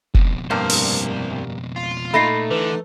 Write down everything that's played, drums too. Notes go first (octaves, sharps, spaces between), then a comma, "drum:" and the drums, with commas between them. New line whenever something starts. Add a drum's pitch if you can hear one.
F2 B2, drum: kick F1
C2 G2 A#3 C5
drum: open hi-hat
F4
A#2 A3 D#4 B5 A#6 C7
D3 E3 B4